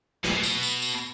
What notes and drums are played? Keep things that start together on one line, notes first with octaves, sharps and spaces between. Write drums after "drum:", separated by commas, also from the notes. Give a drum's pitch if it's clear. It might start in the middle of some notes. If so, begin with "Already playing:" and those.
B2, drum: snare
drum: tambourine
drum: tambourine
drum: tambourine